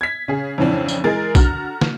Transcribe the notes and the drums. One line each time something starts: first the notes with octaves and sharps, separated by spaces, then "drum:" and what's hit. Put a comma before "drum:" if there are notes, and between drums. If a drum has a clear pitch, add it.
G#6 B6
C#3 G#4
F2 G#2 C#3 E3 C4 D4
drum: tambourine
E3 G#3 G#4 A#4 A6
D3 F#4 A#5 F6, drum: kick, tambourine
drum: snare